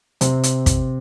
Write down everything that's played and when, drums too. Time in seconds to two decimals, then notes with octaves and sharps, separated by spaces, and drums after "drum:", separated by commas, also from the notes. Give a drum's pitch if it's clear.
0.21 C3 C4, drum: hi-hat
0.43 drum: hi-hat
0.66 drum: kick, hi-hat